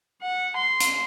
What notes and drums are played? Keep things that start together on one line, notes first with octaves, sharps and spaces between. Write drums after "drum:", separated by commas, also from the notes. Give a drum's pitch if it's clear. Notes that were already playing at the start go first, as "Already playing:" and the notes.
F#5
C6
drum: hi-hat